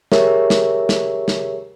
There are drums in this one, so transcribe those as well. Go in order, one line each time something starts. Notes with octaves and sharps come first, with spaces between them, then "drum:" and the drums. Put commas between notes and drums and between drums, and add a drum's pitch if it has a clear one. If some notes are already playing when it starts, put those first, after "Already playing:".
G4 G#4 A#4 C#5 E5, drum: snare
drum: snare
drum: snare
drum: snare